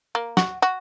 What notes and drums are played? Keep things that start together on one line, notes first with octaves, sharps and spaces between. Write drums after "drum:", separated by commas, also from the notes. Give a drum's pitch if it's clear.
A#3
F#4, drum: snare
F#4